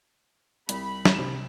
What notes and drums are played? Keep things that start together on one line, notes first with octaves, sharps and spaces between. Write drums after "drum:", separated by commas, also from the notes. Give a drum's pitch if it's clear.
C2 B5, drum: hi-hat
drum: snare
C3 E7